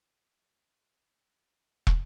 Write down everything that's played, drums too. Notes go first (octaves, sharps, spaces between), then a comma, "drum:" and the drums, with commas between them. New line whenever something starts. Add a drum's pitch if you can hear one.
F#3
A#3
drum: kick